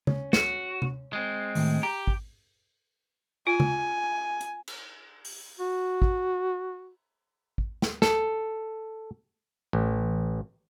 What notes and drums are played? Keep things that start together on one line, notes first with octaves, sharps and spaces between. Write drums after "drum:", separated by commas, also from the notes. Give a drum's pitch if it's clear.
C#4, drum: tom C#3
F#4, drum: snare
drum: tom C3
G#3 C4
A2 D#3, drum: open hi-hat
G4 A#5
drum: kick
F4 G#5
drum: tom C#3
drum: hi-hat
drum: cymbal
drum: open hi-hat
F#4
drum: kick
drum: kick
drum: snare
A4, drum: snare
A1